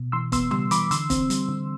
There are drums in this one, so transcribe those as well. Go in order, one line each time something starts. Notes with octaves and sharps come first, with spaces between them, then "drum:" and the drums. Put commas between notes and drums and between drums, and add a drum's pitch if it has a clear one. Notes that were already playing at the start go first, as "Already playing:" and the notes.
Already playing: B2
E3 C6 E6
B3 C6 E6, drum: kick, hi-hat
G3 C6 E6, drum: tom
E3 B5 D6, drum: hi-hat
D3 C6 E6, drum: hi-hat
C4, drum: kick, hi-hat
G3, drum: hi-hat
D3